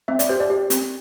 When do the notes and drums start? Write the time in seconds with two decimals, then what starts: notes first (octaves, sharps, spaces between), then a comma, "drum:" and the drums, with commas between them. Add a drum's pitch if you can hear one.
0.08 C4 E5
0.19 D5, drum: hi-hat
0.29 G4 C5
0.40 D5
0.50 G4
0.70 C4, drum: hi-hat